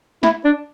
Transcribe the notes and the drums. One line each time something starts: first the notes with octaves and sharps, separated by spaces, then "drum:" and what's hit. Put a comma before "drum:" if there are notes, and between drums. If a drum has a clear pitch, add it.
E4, drum: snare
D4